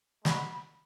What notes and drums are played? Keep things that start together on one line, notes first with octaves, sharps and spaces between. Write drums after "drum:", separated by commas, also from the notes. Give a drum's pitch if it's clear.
G#3 D#4 F#4 B5, drum: snare